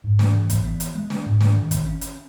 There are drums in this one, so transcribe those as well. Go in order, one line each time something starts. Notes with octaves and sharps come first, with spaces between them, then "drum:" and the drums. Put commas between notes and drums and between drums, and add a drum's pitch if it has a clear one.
G#2
drum: snare
E3
drum: kick, hi-hat
B3
drum: hi-hat
G#3
drum: snare
G#2
drum: snare
D#3
drum: kick, hi-hat
C#4
drum: hi-hat